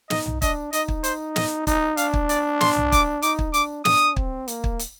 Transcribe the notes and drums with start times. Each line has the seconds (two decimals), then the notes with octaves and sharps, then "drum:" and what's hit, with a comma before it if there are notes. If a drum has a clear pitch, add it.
0.10 D#4 D#5, drum: snare
0.26 drum: tom B1
0.42 D4 D#5, drum: kick, hi-hat
0.73 D#4 D#5, drum: hi-hat
0.88 drum: kick
1.04 C5, drum: hi-hat
1.36 D#5, drum: snare
1.67 D#4, drum: kick, hi-hat
1.97 D4 F5, drum: hi-hat
2.14 drum: kick
2.29 D5, drum: hi-hat
2.61 C6, drum: snare
2.76 drum: tom B1
2.92 D6, drum: kick, hi-hat
3.22 D#4 D6, drum: hi-hat
3.39 drum: kick
3.54 D4 D6, drum: hi-hat
3.85 D4 D#6, drum: snare
4.16 C4, drum: kick
4.48 A#3, drum: hi-hat
4.64 drum: kick
4.79 drum: hi-hat